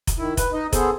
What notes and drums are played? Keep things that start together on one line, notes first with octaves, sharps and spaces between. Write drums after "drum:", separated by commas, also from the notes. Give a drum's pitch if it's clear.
drum: kick F1, hi-hat
D#3 E4
B4, drum: kick F1, hi-hat
D#4 D#5
B3 G#4 A4 C5, drum: kick F1, hi-hat